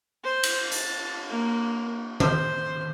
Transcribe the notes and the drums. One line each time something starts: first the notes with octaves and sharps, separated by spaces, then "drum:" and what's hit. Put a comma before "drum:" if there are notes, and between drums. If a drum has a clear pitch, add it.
C5
drum: cymbal
A5, drum: hi-hat
A#3
C5, drum: tom D#3